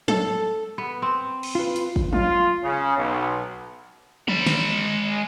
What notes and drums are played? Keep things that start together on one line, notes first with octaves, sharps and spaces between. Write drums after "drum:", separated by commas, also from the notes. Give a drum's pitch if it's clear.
A4, drum: tom F3
B3
C4
drum: cymbal
F4 B4
drum: hi-hat
drum: kick
F4, drum: tom F3
C#3
B1
G#3 B5, drum: tom E3
drum: snare